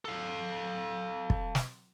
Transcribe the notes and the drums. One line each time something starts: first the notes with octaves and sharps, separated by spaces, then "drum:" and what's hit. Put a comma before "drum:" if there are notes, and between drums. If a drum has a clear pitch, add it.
A4 F5
drum: kick
drum: snare